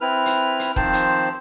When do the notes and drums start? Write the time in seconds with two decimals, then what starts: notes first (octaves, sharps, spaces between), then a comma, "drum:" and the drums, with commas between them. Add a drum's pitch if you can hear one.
0.01 C4 E4 B4 F6
0.26 drum: hi-hat
0.59 drum: hi-hat
0.76 D#3 F3 C4 C5 A5, drum: kick
0.93 drum: hi-hat